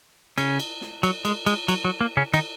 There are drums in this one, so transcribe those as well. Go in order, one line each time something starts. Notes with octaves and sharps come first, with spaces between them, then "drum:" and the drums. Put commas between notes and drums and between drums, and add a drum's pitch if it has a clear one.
C#3 C#4, drum: cymbal
drum: cymbal
drum: snare
F#3, drum: cymbal
G#3, drum: cymbal
G#3, drum: cymbal
F#3, drum: cymbal
F#3
A#3
C#3 C#4
D#3 D#4, drum: cymbal